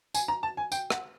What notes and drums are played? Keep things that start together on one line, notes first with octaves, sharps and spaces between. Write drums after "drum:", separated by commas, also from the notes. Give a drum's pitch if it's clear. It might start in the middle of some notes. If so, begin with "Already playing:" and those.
G#5, drum: tambourine
A#5
A5
G#5
G5, drum: tambourine
F#5, drum: rim click